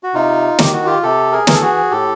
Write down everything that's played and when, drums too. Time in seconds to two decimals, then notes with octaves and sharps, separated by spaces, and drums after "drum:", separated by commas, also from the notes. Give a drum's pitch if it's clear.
0.03 F#4
0.14 C3 D#4 F4
0.59 D#3 G4, drum: snare
0.73 F#4
0.86 F4 G4
1.03 C3 G4 A4
1.32 G#4 A#4
1.47 E3 A#4, drum: snare
1.55 A4
1.62 F#4 G#4
1.91 A2 G4 A4